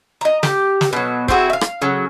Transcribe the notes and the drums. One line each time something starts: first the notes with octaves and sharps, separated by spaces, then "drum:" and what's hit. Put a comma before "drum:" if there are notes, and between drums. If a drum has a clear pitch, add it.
D#5 A#5
G4, drum: snare
drum: snare
B2 F#3
C4 E4 F#4 G#4, drum: kick
E5 F5
drum: rim click
C#3 F#3